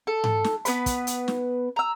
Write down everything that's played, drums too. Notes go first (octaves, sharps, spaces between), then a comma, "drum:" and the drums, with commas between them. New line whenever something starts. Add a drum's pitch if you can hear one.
A4
drum: tom G#2
drum: snare
B3 B4 B5, drum: hi-hat
drum: kick, hi-hat
drum: hi-hat
drum: snare
A#5 E6